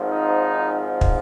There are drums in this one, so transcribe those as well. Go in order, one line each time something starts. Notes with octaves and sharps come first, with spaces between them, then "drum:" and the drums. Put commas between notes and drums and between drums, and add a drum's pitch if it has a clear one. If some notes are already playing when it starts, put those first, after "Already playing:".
Already playing: G#1 G#2 F3
D#4
drum: kick